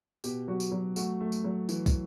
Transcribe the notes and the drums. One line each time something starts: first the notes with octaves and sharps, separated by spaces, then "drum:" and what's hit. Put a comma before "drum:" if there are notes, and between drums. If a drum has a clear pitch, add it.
B2 G4, drum: tambourine
F#3 F#4
drum: tambourine
F#3
A3 F#4, drum: tambourine
A3
drum: tambourine
F#3
E3, drum: tambourine
drum: kick, tambourine